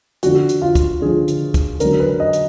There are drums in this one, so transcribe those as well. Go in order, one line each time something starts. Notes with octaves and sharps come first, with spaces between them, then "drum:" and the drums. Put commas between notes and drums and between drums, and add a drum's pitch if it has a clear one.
D3 F3 F#4, drum: hi-hat
drum: hi-hat
F4
drum: kick, hi-hat
D3 F3 G#4
drum: hi-hat
drum: kick, hi-hat
D3 F#3 A#4, drum: hi-hat
B4
D#5
drum: hi-hat